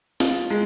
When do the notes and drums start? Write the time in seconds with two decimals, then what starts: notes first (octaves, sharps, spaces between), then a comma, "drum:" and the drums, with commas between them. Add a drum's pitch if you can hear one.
0.20 F4, drum: snare
0.50 G#3